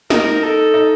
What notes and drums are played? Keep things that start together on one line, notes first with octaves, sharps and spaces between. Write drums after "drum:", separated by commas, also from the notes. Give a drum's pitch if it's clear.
D#4 A#4, drum: snare
A4
D#4